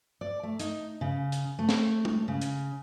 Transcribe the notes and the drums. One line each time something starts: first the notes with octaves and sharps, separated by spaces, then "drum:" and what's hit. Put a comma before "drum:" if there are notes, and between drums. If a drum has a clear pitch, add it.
D5
A3
D#4, drum: hi-hat
C#3
drum: hi-hat
A3
drum: snare
drum: tom G#3
C#3
drum: hi-hat